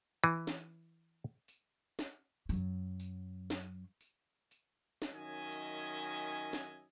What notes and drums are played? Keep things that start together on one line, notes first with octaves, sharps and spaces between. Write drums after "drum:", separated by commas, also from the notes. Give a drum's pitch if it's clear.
E3
drum: snare
drum: tambourine
drum: snare
F#2 F#3, drum: tambourine
drum: tambourine
drum: snare
drum: tambourine
drum: tambourine
drum: snare
F#2 D#3 C#4 D#5 E5 G#5
drum: tambourine
drum: tambourine
drum: snare